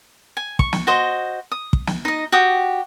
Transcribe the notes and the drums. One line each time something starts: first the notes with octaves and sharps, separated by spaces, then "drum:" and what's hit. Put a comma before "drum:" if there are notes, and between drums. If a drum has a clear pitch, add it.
G#5
C#6, drum: kick
drum: snare
F#4 C5 D#5
D#6
drum: kick
drum: snare
D#4 D#5
F#4 G4 G5 D#6